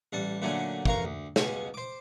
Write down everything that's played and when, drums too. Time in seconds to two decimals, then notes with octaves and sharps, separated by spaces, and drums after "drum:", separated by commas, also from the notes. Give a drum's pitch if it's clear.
0.13 A1 G3 F#5 A5
0.42 A#2 D3 F#3 A3 C#4
0.85 A1 F2 A#4 F5 A#5 C#6, drum: kick
1.05 D2
1.36 C#2 B2 C#4, drum: snare
1.74 C5 D6